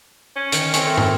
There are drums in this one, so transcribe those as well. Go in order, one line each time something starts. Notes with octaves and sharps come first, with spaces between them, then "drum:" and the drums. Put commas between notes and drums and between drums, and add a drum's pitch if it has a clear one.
C#4
D#3, drum: hi-hat
C4 G#4 A#4 C#5, drum: hi-hat
A3
drum: tom